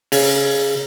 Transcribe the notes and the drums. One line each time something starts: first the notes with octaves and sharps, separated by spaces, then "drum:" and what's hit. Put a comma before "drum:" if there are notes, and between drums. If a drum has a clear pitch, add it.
C#3, drum: open hi-hat